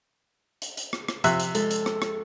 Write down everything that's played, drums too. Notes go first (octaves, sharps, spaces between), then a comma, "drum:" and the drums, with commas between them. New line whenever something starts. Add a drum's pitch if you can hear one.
drum: hi-hat
drum: hi-hat
drum: rim click
drum: rim click
C3 F3 E5 F#6, drum: hi-hat
drum: hi-hat
G#3 A4, drum: hi-hat
drum: hi-hat
drum: rim click
drum: rim click